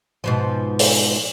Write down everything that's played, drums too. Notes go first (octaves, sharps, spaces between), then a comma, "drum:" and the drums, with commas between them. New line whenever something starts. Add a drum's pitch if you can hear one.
G#2 B2 F3
drum: open hi-hat